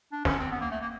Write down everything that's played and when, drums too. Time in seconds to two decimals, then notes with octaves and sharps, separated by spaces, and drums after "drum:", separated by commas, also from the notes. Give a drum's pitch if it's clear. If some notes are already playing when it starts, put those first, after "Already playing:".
0.12 D4
0.25 C#4, drum: snare
0.39 C4
0.52 B3
0.61 A#3
0.71 A3
0.81 A#3